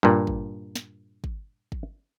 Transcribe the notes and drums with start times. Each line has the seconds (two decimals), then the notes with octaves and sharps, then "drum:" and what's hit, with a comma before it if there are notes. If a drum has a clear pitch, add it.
0.03 G2 A#2
0.27 drum: kick
0.75 drum: snare
1.24 drum: kick
1.72 drum: kick